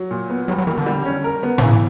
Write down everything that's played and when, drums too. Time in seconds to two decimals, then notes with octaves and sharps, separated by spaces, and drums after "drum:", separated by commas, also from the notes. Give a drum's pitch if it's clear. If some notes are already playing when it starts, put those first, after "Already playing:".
Already playing: F#3
0.11 A#2
0.30 B3
0.48 F#3 G3
0.58 F#3
0.67 E3 A#3
0.78 D3
0.86 G3
1.05 C#4
1.24 A#4
1.43 B3
1.58 D3, drum: tom A2
1.62 C#3 E3